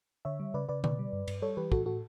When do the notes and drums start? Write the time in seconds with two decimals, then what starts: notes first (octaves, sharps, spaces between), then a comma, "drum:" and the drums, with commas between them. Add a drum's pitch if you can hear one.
0.25 D3 C#5 E5
0.40 G3
0.54 C#3 B4 D5
0.69 C#3 B4 D5
0.84 B2 B4 D5, drum: tom D3
0.99 G3
1.13 G2
1.28 G2, drum: cymbal
1.42 G3 A4 C#5
1.57 E3 G4 B4
1.72 A2 F#4 A4, drum: kick
1.86 A2 F#4 A4